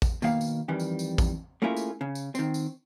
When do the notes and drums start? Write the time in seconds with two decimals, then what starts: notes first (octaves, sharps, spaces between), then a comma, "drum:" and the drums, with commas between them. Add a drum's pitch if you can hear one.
0.02 drum: kick A1, tambourine
0.22 B2 D#3 A#3 F5, drum: tambourine
0.41 drum: tambourine
0.68 F2 D#3 E3 G3
0.80 drum: tambourine
0.99 drum: tambourine
1.18 drum: kick A1, tambourine
1.62 A3 A#3 C#4 E4 F4 G#4
1.77 drum: tambourine
2.01 C#3
2.15 drum: tambourine
2.35 D#3 C4, drum: tambourine
2.54 drum: tambourine